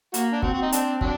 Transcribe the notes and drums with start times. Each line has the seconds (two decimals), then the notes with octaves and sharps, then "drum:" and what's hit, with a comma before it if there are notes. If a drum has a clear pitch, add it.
0.14 A#3 F#4, drum: hi-hat
0.33 D4
0.43 C4 F#4, drum: kick
0.53 F#4
0.62 D#4
0.72 D4, drum: hi-hat
1.01 F#3 D4, drum: kick